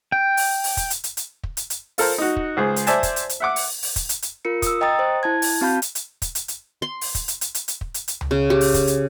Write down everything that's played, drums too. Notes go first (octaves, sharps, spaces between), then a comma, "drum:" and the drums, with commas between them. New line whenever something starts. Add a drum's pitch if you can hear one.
G5
drum: open hi-hat
drum: open hi-hat
drum: kick, hi-hat
drum: hi-hat
drum: hi-hat
drum: hi-hat
drum: kick
drum: hi-hat
drum: hi-hat
F4 A4 A#4 C5, drum: open hi-hat
D#4 F#4
drum: kick
C#2 G#4 C5
drum: hi-hat
C5 D5 E5 G#5 A5, drum: hi-hat
drum: kick, hi-hat
drum: hi-hat
drum: hi-hat
E5 F#5 D6
drum: open hi-hat
drum: open hi-hat
drum: kick, hi-hat
drum: hi-hat
drum: hi-hat
F4 A#4 C#7
D#6 E6, drum: kick, hi-hat
D#5 G5 A#5 D#6 A6
C5
E4 A5 G#6
drum: open hi-hat
C4 F#4 F5 A5 B5 G6
drum: hi-hat
drum: hi-hat
drum: kick, hi-hat
drum: hi-hat
drum: hi-hat
C6
drum: open hi-hat
drum: kick, hi-hat
drum: hi-hat
drum: hi-hat
drum: hi-hat
drum: hi-hat
drum: kick
drum: hi-hat
drum: hi-hat
drum: tom C#2
C#3
G4
drum: open hi-hat
drum: kick, hi-hat
drum: hi-hat